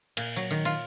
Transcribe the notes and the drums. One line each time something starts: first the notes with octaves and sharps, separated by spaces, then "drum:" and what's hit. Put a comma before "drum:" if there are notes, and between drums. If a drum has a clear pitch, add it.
A#2, drum: cymbal
F#3
D#3
F4